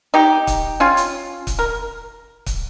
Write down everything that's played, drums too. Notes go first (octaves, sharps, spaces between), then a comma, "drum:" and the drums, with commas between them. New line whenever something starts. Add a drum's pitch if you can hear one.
D#4 G4
drum: kick, hi-hat
C#4 F4
drum: hi-hat
drum: kick, hi-hat
A#4
drum: kick, hi-hat